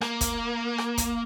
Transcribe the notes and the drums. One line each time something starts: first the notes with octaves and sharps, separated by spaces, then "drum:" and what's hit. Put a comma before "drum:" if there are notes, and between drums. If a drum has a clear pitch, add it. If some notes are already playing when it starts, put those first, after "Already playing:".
A#3, drum: rim click
drum: kick, hi-hat
drum: rim click
drum: kick, hi-hat